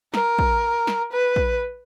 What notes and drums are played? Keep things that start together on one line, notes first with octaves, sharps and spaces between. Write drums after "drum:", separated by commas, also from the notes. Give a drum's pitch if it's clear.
A#4, drum: snare
drum: kick
drum: snare
B4
drum: kick